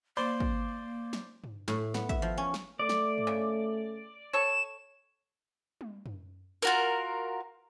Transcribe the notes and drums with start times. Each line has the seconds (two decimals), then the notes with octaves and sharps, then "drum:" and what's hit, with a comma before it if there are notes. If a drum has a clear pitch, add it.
0.17 A#3 C5 D5 C6
0.40 drum: kick
1.13 drum: snare
1.44 drum: tom G2
1.68 A2, drum: snare
1.94 B3, drum: snare
2.09 E5, drum: kick
2.22 F3
2.38 C#4
2.54 drum: snare
2.79 A3 D5
2.89 drum: snare
3.18 drum: tom G2
3.27 C#3
4.33 A4 C#5 E7
5.81 drum: tom G3
6.06 drum: tom F#2
6.62 F4 F#4 A#4